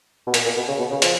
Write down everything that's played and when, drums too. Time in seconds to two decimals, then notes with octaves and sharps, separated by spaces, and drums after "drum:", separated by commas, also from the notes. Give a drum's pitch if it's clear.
0.27 B2
0.34 A#2, drum: hi-hat
0.45 A#2
0.56 B2
0.68 C#3
0.79 B2
0.91 C#3
1.02 F3, drum: hi-hat